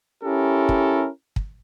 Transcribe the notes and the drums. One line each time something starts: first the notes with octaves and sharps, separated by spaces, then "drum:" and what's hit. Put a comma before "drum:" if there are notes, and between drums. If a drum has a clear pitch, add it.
C#4 E4 G4 A4 A#4
drum: kick
drum: kick